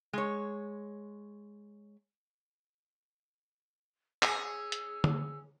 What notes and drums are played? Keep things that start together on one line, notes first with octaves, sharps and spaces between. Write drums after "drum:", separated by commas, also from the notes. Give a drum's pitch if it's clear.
G#3 C#5
C#4 G#4 E6, drum: clap
drum: hi-hat
drum: tom D3